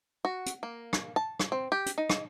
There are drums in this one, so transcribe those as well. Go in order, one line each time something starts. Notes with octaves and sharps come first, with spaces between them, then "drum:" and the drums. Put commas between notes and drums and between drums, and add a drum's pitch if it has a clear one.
F#4
drum: hi-hat
A#3
drum: rim click
A5
drum: rim click
C4
G4
drum: hi-hat
D#4
drum: rim click